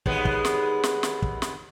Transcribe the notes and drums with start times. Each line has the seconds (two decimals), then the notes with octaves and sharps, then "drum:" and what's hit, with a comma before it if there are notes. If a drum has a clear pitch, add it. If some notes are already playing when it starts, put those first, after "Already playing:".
0.06 D#2 G#3 B3, drum: kick
0.25 drum: kick
0.45 drum: snare
0.83 drum: snare
1.03 drum: snare
1.22 drum: kick
1.42 drum: snare